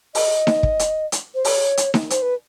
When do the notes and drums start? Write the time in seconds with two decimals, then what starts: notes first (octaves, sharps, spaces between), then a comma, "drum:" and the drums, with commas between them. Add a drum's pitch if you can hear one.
0.15 D#5, drum: open hi-hat
0.47 drum: snare D#4
0.63 drum: kick
0.79 drum: hi-hat
1.12 drum: hi-hat
1.35 C5
1.45 C#5, drum: open hi-hat
1.77 drum: hi-hat
1.94 drum: snare D#4
2.10 C5, drum: hi-hat
2.22 B4